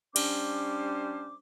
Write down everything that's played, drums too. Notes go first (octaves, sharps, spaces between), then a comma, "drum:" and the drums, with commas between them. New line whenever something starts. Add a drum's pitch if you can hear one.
G3 C#4 D4 C5 D6, drum: cymbal